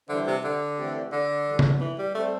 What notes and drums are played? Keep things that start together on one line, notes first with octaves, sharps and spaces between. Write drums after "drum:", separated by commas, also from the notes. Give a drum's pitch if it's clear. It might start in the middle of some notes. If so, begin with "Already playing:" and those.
D3 E3 G3 D4 C5 E5
C3
D3
E3 A3 C4 G4 D5
D3
E3 G3 D4 A4
drum: tom C#3
E3
G3
G3 A3 C4 A4 C5